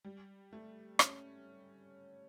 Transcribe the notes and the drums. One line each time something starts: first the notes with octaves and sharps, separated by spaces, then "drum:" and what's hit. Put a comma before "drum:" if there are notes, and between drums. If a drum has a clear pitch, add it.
G3
A3
C#4, drum: rim click